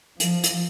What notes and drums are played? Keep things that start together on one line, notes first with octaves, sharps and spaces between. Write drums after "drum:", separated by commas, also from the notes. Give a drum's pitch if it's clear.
F3, drum: hi-hat
drum: hi-hat